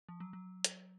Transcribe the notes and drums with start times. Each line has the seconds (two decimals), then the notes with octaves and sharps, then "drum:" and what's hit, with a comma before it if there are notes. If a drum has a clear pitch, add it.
0.09 F3
0.20 F#3
0.33 F#3
0.64 drum: hi-hat